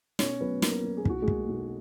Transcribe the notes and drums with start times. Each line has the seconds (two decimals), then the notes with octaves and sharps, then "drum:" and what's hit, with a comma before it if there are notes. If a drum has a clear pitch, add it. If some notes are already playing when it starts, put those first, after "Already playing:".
0.19 B2 C#4 C#5, drum: snare
0.41 F#3 B3 B4
0.62 F#3 A#3 A#4, drum: snare
0.84 F#3 A#4
0.97 G#4
1.05 B1 F#4, drum: kick
1.22 G#3 G#4
1.28 A#3, drum: kick
1.48 B1